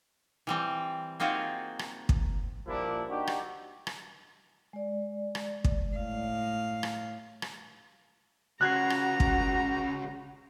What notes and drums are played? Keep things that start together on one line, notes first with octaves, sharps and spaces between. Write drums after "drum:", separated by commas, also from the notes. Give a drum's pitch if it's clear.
E3 G3 C4
A#3 C4 D#4 F4 F#4 G#4
drum: rim click
drum: kick
A#2 F3 G3 A#3 D4 E4
D4 D#4 F#4 G4
drum: rim click
drum: rim click
G#3 D5
drum: rim click
drum: kick
A2 F5
drum: rim click
drum: rim click
C#2 C#3 F#4 A#5 F#6 G#6 C7
drum: rim click
drum: kick